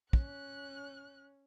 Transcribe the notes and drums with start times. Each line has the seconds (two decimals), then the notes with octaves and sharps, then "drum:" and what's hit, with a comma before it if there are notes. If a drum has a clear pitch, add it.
0.13 C#4 F#6, drum: kick